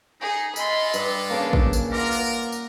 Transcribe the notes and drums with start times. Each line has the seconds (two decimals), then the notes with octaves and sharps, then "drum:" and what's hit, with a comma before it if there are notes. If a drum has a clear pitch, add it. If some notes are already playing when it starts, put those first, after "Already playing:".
0.21 D#4 G#4
0.56 G#3 F4 A4 D#5 B5 C6, drum: tambourine
0.94 G2 B4, drum: tambourine
1.30 C#3 A#3 D4
1.53 drum: kick
1.73 drum: tambourine
1.92 F4 A#4 F#5 D6
2.13 drum: tambourine
2.52 drum: tambourine